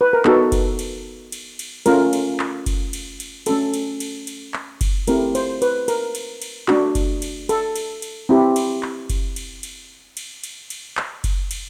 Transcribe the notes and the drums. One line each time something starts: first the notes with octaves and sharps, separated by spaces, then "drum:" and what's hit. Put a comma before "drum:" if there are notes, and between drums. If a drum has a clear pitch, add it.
B4
A#4
B3 D#4 F#4 A4, drum: clap
drum: kick F#1, cymbal
drum: cymbal
drum: cymbal
drum: cymbal
A3 C#4 F4 A#4, drum: cymbal
drum: cymbal
drum: clap
drum: kick F#1, cymbal
drum: cymbal
drum: cymbal
A3 C#4 F#4 A4, drum: cymbal
drum: cymbal
drum: cymbal
drum: cymbal
drum: clap
drum: kick F#1, cymbal
A3 C4 E4 G4 A#4, drum: cymbal
C5, drum: cymbal
B4, drum: cymbal
A#4, drum: cymbal
drum: cymbal
drum: cymbal
A3 D4 F#4, drum: clap
drum: kick F#1, cymbal
drum: cymbal
A4, drum: cymbal
drum: cymbal
drum: cymbal
C4 E4 G4
drum: cymbal
drum: clap
drum: kick F#1, cymbal
drum: cymbal
drum: cymbal
drum: cymbal
drum: cymbal
drum: cymbal
drum: clap
drum: kick F#1, cymbal
drum: cymbal